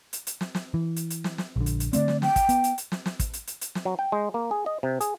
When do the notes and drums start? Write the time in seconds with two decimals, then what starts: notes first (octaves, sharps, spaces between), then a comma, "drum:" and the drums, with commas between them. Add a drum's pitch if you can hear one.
0.13 drum: hi-hat
0.27 drum: hi-hat
0.41 drum: snare
0.55 drum: snare
0.74 E3
0.96 drum: hi-hat
1.10 drum: hi-hat
1.24 drum: snare
1.38 drum: snare
1.56 A#1 D3
1.66 drum: hi-hat
1.80 drum: hi-hat
1.93 D3 A3 C4 D5, drum: hi-hat
2.08 drum: snare
2.22 G5, drum: snare
2.36 drum: kick, hi-hat
2.49 B3, drum: hi-hat
2.64 drum: hi-hat
2.78 drum: hi-hat
2.92 drum: snare
3.06 drum: snare
3.20 drum: kick, hi-hat
3.33 drum: hi-hat
3.47 drum: hi-hat
3.61 drum: hi-hat
3.75 drum: snare
3.85 F#3
3.99 G5
4.12 G#3
4.34 A#3
4.51 G#4
4.66 D#5
4.83 C3
5.01 G#4, drum: hi-hat